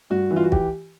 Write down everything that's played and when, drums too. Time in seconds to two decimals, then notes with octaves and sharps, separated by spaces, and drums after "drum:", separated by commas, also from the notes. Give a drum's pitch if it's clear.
0.10 G2 F#4
0.31 E3
0.36 F4
0.44 F#4
0.52 G4, drum: kick